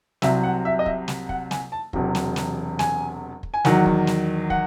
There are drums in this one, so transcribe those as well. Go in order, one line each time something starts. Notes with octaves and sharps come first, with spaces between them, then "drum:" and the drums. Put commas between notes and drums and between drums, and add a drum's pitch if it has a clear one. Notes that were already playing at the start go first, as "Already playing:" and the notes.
C2 C3 F#3 E5, drum: snare
F#5
E5
D#5
E5, drum: kick
drum: snare
F#5, drum: kick
G#5, drum: snare
A5
E1 E2 C3 F#3, drum: kick
drum: snare
drum: snare
G#5, drum: snare
drum: kick
G#5
E2 D#3 F#3 F#5, drum: snare
drum: kick
drum: snare
F#5, drum: kick